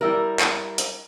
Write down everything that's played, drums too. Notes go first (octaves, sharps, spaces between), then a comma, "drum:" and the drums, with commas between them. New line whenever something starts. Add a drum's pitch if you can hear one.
G3 E4 A#4
drum: clap
drum: hi-hat